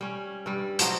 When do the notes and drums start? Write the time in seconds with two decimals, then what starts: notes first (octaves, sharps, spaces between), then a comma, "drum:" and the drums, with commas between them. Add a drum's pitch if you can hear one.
0.01 G3 C#4
0.46 G2 G3
0.79 F3 F#3 F#4 D#5, drum: hi-hat